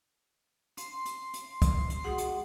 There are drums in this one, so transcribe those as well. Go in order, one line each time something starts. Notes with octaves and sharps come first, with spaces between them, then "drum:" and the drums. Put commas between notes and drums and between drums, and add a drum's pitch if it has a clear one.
C6, drum: hi-hat
drum: hi-hat
drum: hi-hat
drum: kick C2, hi-hat
drum: hi-hat
G#3 F#4 G#4 F#5
drum: hi-hat